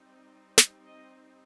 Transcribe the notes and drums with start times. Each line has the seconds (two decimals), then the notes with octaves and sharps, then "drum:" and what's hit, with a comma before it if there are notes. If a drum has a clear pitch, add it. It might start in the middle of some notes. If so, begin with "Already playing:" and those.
Already playing: G3 C4 D#4
0.58 drum: snare
0.86 D#5